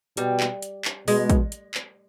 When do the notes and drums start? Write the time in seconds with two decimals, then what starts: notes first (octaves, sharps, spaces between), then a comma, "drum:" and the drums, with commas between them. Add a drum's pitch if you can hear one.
0.17 B2 G3, drum: hi-hat
0.40 drum: clap
0.62 drum: hi-hat
0.85 drum: clap
1.08 B2 G#3, drum: open hi-hat
1.30 drum: kick, hi-hat
1.52 drum: hi-hat
1.74 drum: clap